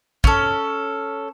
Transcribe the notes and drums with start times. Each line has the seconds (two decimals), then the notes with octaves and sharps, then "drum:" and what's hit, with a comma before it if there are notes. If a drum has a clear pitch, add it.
0.24 C#4 A4, drum: kick